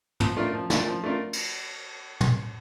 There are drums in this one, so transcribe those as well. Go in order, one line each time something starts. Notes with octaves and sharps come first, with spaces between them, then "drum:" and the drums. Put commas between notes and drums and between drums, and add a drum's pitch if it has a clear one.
F3, drum: tom
A3 D4 F4 A#4
F3
A3 D4 F4 A#4, drum: snare
F3
A3 D4 F4 A#4
drum: cymbal
drum: tom